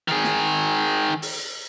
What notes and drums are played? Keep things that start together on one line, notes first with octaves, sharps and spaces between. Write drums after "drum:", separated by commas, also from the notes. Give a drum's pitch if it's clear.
D#3 G#4
drum: snare
drum: open hi-hat